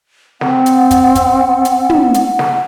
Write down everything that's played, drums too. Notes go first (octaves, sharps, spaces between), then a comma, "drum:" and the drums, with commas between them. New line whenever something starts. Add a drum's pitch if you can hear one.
C4 F#5, drum: snare
drum: hi-hat
drum: kick, hi-hat
drum: kick, hi-hat
drum: hi-hat
drum: tom
drum: hi-hat
drum: snare